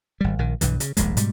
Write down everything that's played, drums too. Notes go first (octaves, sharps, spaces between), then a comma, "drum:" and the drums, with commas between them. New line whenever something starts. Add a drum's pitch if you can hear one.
G#1 G3
A#1 D#3
B1 G2 E3, drum: hi-hat
C#3, drum: hi-hat
D#1 A#1 G#2 G#3, drum: hi-hat
G#2 B2 G3, drum: hi-hat